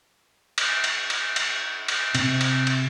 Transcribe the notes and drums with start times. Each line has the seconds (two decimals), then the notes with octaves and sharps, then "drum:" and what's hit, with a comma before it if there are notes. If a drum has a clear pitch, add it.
0.58 drum: cymbal
0.84 drum: cymbal
1.10 drum: cymbal
1.36 drum: cymbal
1.88 drum: cymbal
2.15 C3, drum: cymbal
2.41 drum: cymbal
2.67 drum: cymbal